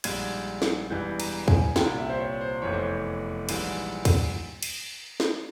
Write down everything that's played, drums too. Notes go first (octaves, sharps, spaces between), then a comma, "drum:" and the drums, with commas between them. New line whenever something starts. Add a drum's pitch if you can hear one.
A#1 G#2 G3 G#6, drum: cymbal
drum: snare
E1 E2 E3 G3 G6
A#5, drum: cymbal
G#5, drum: kick
C2 A#2 G3 G5, drum: snare
E5
C5
C#5
C5
F1 E2 E3 C#5
C5
C#5
A#1 G#2 E3 G3, drum: cymbal
drum: kick, cymbal
drum: cymbal
drum: snare